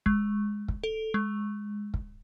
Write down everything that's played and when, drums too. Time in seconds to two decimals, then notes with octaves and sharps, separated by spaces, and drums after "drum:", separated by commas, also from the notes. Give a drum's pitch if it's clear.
0.06 G#3, drum: kick
0.68 drum: kick
0.84 A4
1.14 G#3
1.94 drum: kick